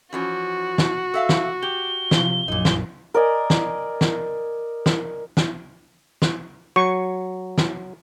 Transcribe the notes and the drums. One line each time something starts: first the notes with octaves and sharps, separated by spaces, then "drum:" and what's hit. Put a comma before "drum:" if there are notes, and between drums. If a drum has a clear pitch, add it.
E3 F3 C#4 F#4
drum: snare
A4 E5 F5
drum: snare
G4 G7
C3 F3, drum: snare
A#1 F#2 A#2 D#4
drum: snare
A#4 D5 D#5 G#5
drum: snare
drum: snare
drum: snare
drum: snare
drum: snare
F#3 C#6
drum: snare